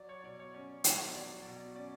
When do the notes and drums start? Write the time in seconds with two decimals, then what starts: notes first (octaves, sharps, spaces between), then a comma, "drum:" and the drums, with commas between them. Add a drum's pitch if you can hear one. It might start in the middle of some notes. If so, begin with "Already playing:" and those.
Already playing: F#3 D5
0.09 C#5
0.23 B2 D5
0.39 C#5
0.54 C#4
0.84 B2, drum: hi-hat
1.14 F#3 D5
1.45 B2
1.75 C#4 D5